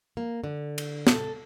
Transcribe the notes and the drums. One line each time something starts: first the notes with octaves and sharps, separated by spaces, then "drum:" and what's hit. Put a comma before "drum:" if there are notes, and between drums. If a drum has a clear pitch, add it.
A#3
D3
drum: cymbal
A4, drum: snare